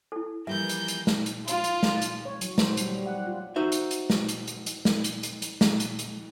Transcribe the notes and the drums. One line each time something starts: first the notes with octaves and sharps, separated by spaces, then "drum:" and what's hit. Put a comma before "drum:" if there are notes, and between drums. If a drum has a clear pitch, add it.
E4 A4
E3 F3 G3 A#3 E5 G6
drum: hi-hat
drum: hi-hat
drum: snare
drum: hi-hat
F4, drum: hi-hat
drum: hi-hat
drum: snare
drum: hi-hat
C#5
F#3, drum: hi-hat
C5, drum: snare
G3, drum: hi-hat
G3
F#5
F4
D#4 F#4 C5 E5
drum: hi-hat
drum: hi-hat
drum: snare
drum: hi-hat
drum: hi-hat
drum: hi-hat
drum: snare
drum: hi-hat
drum: hi-hat
drum: hi-hat
drum: snare
drum: hi-hat
drum: hi-hat